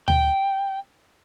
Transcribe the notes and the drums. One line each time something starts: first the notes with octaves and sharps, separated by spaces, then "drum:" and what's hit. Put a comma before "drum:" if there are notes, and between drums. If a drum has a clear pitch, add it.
G5, drum: tom D2